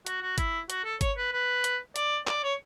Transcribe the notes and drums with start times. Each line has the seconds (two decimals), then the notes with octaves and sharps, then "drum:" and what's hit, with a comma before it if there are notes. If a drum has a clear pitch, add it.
0.06 F#4, drum: hi-hat
0.22 F#4
0.38 E4, drum: kick, hi-hat
0.70 F#4, drum: hi-hat
0.84 A4
1.01 C#5, drum: kick, hi-hat
1.17 B4
1.32 B4
1.64 drum: hi-hat
1.96 D5, drum: hi-hat
2.27 D5, drum: clap
2.43 C#5